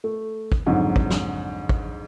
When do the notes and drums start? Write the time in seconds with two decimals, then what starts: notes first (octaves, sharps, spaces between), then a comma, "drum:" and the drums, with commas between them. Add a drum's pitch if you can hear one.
0.04 A3
0.52 drum: kick
0.66 F2 G#2 D3 F#3
0.96 drum: kick
1.11 drum: snare
1.69 drum: kick